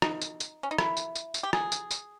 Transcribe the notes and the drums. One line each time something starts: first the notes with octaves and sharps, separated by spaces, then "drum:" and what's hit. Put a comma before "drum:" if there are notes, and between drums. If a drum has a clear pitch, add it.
D#4, drum: rim click
drum: tambourine
drum: tambourine
C#4
D#4
E4, drum: rim click
drum: tambourine
drum: tambourine
drum: tambourine
G4
G#4, drum: rim click
drum: tambourine
drum: tambourine